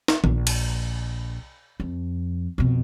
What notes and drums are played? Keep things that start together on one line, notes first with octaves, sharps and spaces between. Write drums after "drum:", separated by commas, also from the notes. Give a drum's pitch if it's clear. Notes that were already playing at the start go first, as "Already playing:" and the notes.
drum: snare
A#1, drum: tom
drum: cymbal
F2
F2 B2